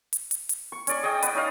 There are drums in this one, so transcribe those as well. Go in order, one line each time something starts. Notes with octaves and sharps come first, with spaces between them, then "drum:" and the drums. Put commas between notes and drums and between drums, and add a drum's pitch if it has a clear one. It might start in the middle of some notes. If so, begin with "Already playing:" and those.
drum: hi-hat
drum: hi-hat
drum: hi-hat
C#6
C#4 D5 C#6, drum: hi-hat
G#4 D5 D#5 G5
B4 F#5, drum: hi-hat
C#4 D#4 D#5 F5